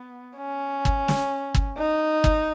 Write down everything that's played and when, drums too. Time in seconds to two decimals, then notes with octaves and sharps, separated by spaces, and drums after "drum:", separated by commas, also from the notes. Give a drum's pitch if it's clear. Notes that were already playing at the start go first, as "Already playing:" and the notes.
Already playing: B3
0.38 C#4
0.85 drum: kick
1.08 drum: snare
1.54 drum: kick
1.78 D#4
2.24 drum: kick